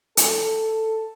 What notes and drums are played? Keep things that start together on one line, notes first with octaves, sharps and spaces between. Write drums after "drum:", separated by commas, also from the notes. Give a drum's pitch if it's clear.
A4, drum: hi-hat